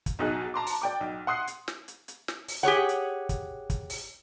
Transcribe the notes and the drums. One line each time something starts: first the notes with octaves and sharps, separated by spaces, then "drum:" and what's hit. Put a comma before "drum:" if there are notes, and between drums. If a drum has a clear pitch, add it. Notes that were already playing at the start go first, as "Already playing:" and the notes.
drum: kick, hi-hat
B1 B2 D#4 G#4 F#6
A5 A#5 C6 D6
drum: open hi-hat
D5 G5 D6
B1
F#5 C6 D#6 F#6 C7
drum: hi-hat
drum: snare
drum: hi-hat
drum: hi-hat
drum: snare
drum: open hi-hat
G4 G#4 C#5 F#5
drum: hi-hat
drum: kick, hi-hat
drum: kick, hi-hat
drum: open hi-hat